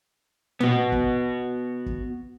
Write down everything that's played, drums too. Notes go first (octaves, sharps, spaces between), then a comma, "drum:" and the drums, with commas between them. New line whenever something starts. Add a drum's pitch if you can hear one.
B3 F#4, drum: tom
drum: kick
drum: kick